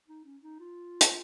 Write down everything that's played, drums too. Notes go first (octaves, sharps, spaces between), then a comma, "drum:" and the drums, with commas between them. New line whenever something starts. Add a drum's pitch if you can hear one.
D#4
C#4
D#4
F4
drum: hi-hat